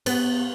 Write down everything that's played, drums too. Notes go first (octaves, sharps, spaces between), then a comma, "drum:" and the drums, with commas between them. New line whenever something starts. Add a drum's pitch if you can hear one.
B3, drum: cymbal